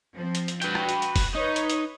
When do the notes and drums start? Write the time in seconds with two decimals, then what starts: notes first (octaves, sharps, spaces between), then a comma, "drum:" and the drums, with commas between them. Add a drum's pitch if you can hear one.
0.14 F3 C4
0.35 drum: hi-hat
0.48 drum: hi-hat
0.62 F#4 B4 G5, drum: hi-hat
0.75 drum: rim click
0.89 drum: hi-hat
1.02 drum: hi-hat
1.16 drum: kick F1, open hi-hat
1.35 D#4 B4 C#5
1.56 drum: hi-hat
1.70 drum: hi-hat